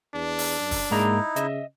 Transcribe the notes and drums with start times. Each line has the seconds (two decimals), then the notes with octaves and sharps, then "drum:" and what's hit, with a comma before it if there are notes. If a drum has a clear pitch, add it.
0.14 E2 D4
0.39 drum: open hi-hat
0.60 F#2
0.71 drum: kick, open hi-hat
0.91 G#2 G#3 A#3 D#4 E4 A#5
1.36 C#3 D#5 E5, drum: hi-hat